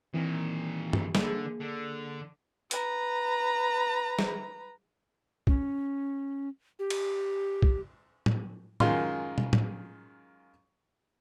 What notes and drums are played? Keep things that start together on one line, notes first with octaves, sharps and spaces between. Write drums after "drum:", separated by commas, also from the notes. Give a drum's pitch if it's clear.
A#2 D#3 E3 C4
drum: tom G2
D3 A#3 G#4, drum: snare
D3
B4 A#5, drum: hi-hat
drum: snare
C#4, drum: kick
G4
drum: cymbal
drum: kick
drum: tom A2
F#2 D#3 G#3 F4 C6 F6, drum: tom A2
drum: tom
drum: tom A2